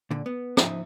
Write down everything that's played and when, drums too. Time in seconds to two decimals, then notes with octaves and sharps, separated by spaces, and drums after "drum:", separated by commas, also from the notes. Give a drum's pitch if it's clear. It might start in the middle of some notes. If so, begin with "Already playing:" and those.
0.11 A#2 D3
0.26 B3
0.57 F3 D#4 C5 D#5 E5 A5, drum: rim click